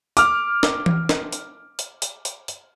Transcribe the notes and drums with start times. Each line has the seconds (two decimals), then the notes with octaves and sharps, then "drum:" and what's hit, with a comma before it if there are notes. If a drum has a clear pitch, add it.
0.17 D6 F6, drum: hi-hat
0.63 drum: snare
0.86 drum: tom E3
1.09 drum: snare
1.32 drum: hi-hat
1.79 drum: hi-hat
2.02 drum: hi-hat
2.25 drum: hi-hat
2.48 drum: hi-hat